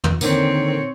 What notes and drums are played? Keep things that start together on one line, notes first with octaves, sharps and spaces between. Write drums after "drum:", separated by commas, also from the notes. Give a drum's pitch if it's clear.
drum: tom
A#2 D3 D#3 C4 C#5, drum: tambourine